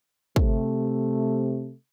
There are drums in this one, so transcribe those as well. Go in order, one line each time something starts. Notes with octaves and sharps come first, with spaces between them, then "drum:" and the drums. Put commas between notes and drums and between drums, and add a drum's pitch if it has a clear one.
C3 A3, drum: kick